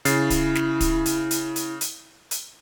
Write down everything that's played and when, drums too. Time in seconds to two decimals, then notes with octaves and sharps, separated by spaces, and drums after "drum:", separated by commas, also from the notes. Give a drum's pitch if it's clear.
0.05 C#3 E4 A6 C7, drum: hi-hat
0.30 drum: kick, hi-hat
0.55 drum: snare
0.80 drum: kick, hi-hat
1.06 drum: hi-hat
1.31 drum: hi-hat
1.56 drum: hi-hat
1.81 drum: hi-hat
2.31 drum: hi-hat